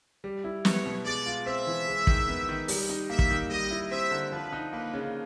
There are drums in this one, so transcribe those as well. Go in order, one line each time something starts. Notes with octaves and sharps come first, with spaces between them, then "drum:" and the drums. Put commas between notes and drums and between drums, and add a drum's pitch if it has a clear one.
G3
E4
B3 C#5, drum: snare
B2
G#3 D5
F4
C4 E5
E3
G#3
D#3, drum: kick
B3
D#3
G3, drum: open hi-hat
D#4
A#3 E5
drum: kick
D#3
G3 D#5
E4
C4 E5
D3
F3 B4
D#4
A#3 B4
C#3